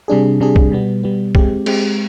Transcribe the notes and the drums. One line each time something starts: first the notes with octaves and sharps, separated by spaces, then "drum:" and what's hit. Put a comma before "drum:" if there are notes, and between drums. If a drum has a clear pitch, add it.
C3 G3 D4 G#4
C3 G3 D4 G#4
drum: kick
B2 G3 B3
B2 G3 B3
G#3 C4 G4, drum: kick
G#3 C4 G4, drum: cymbal